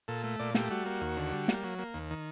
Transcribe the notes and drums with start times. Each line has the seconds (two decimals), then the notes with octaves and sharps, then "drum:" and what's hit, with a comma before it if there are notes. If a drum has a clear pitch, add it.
0.08 A#2 A4
0.24 A3
0.39 A#2 D5
0.55 A3 G4, drum: snare
0.70 G3 F#4
0.86 A#3
1.01 D#2
1.17 D3
1.33 G3
1.48 A#3, drum: snare
1.64 F#3
1.79 A#3
1.94 D#2
2.11 D#3